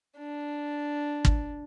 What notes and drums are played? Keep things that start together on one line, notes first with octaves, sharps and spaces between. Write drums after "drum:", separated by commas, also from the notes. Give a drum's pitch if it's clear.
D4
drum: kick